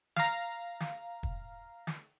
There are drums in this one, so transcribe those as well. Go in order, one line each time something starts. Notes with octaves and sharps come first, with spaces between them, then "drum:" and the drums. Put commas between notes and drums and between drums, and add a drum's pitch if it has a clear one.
F5 A#5, drum: snare
drum: snare
drum: kick
drum: snare